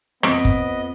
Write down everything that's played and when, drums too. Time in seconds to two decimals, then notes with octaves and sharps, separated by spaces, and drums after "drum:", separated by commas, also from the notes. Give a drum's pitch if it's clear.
0.23 F2 B3 D#5 B6 D7, drum: rim click
0.45 drum: kick F#1